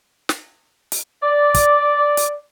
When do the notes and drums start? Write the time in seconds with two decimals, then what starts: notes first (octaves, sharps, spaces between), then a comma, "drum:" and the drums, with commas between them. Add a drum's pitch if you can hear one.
0.29 drum: snare
0.92 drum: hi-hat
1.23 D5
1.54 drum: kick, hi-hat
2.17 drum: hi-hat